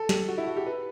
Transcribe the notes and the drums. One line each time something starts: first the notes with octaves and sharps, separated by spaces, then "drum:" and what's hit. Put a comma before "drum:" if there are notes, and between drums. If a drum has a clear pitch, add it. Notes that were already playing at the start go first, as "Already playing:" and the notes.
Already playing: A4
G4, drum: snare
F#4
E4
F#4
G4
B4